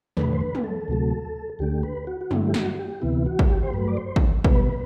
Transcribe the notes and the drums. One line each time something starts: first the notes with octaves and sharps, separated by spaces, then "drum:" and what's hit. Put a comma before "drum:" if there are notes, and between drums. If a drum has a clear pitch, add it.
E2 D3 A3 B4, drum: tom
C5
B4
drum: tom
A4
D2 C3 F#3 A3
D2 D3 A3 G4
B4
F#4
F#4
G2 D3 A3 E4, drum: tom
G4
F#4, drum: snare
G4
D2 C3 E3 B3 E4
F#4
drum: kick
G4
C5
G2 F#3 A3 B4
D5
C5
drum: kick
B2 G3 B3 B4, drum: kick